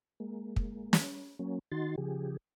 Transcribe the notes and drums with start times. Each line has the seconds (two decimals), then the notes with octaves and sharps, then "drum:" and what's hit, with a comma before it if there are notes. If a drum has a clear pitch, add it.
0.20 G#3 A#3
0.56 drum: kick
0.93 drum: snare
1.39 F#3 A#3 C#4
1.72 D#3 D#4 F#4 C6 A6
1.98 C#3 F3 G4 G#4